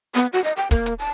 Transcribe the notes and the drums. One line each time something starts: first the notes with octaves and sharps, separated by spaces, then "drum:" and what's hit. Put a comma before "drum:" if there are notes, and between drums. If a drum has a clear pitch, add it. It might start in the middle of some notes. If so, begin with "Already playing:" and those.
B3
F#4
D#5
G5
A#3, drum: kick, hi-hat
drum: hi-hat
A5